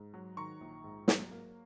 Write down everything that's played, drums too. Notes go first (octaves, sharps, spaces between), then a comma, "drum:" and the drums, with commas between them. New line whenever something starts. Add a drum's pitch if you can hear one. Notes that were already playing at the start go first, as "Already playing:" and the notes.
Already playing: G#2
F#3
D#3 A#5 C#6
A#1
G#2
F#3, drum: snare
A#3